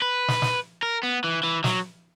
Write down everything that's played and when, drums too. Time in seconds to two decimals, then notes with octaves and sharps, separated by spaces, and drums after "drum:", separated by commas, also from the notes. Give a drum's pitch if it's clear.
0.02 B4
0.28 drum: snare
0.42 drum: snare
0.83 A#4
1.03 B3
1.24 E3
1.43 E3
1.64 F#3, drum: snare